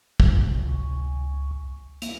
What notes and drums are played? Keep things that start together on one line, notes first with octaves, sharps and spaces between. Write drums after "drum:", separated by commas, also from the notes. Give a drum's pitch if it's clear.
drum: kick
C#2
A#3, drum: hi-hat